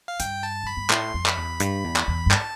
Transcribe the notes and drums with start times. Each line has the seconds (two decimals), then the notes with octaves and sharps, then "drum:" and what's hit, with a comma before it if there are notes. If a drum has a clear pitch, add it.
0.08 F5
0.20 G2 G5, drum: hi-hat
0.43 A5
0.63 F2 B5
0.77 G2
0.90 A2 C6, drum: clap
1.14 F2
1.26 B5, drum: clap
1.37 E2
1.60 G2, drum: hi-hat
1.84 E2
1.96 drum: clap
2.08 E2
2.26 G2
2.31 A5, drum: clap